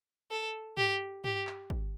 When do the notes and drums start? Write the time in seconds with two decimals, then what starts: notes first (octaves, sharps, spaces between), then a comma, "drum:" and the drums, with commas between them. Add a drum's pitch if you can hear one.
0.31 A4
0.77 G4, drum: tom
1.24 G4, drum: tom
1.47 drum: clap
1.70 drum: kick